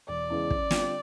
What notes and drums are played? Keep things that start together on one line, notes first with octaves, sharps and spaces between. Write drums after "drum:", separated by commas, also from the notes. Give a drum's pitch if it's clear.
E1 D5
E2 C#3 E3 G#3
F#2, drum: kick
D3 G3 C4 F4, drum: snare